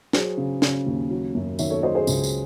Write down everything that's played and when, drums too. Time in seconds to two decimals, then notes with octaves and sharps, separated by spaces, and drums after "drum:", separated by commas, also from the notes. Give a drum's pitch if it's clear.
0.13 F#3 G#4 C5, drum: snare
0.37 C#3
0.62 C#3, drum: snare
0.86 D#2
1.10 F#3
1.35 F#2
1.59 D#3 C#5 E5, drum: tambourine
1.70 A4 C#5
1.83 F#3 C5 D#5
1.95 G#4 C5
2.07 C#2, drum: tambourine
2.24 drum: tambourine